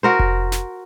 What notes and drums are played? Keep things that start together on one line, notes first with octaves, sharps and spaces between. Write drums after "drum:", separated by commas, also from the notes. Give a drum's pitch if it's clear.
F#4 A#4 C5
drum: kick F1
drum: snare